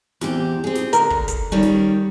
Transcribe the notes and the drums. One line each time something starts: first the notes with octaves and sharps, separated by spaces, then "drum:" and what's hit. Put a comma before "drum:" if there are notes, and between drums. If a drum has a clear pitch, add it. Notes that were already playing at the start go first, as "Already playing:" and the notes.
E2 C4 G4, drum: snare
C4 G#4
drum: snare
D3 A#4, drum: hi-hat
drum: kick
drum: kick, hi-hat
D#3 G3 C#4
drum: snare